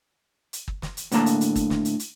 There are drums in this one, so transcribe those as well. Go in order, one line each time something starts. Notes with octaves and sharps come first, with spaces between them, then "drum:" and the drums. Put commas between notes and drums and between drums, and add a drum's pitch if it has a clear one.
drum: hi-hat
drum: kick
drum: snare
drum: hi-hat
A2 D3 A#3 A5 A#5, drum: hi-hat
drum: hi-hat
drum: hi-hat
drum: kick, hi-hat
drum: snare
drum: hi-hat
drum: hi-hat